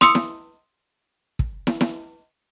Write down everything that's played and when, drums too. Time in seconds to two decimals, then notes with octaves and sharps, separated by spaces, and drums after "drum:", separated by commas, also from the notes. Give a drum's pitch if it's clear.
0.01 C6 D#6 E6 C#7, drum: snare
0.15 drum: snare
1.39 drum: kick
1.67 drum: snare
1.81 drum: snare